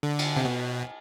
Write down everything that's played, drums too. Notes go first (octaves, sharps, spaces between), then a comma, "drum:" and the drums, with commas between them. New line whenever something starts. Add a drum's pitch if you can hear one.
D3
drum: cymbal
C3
B2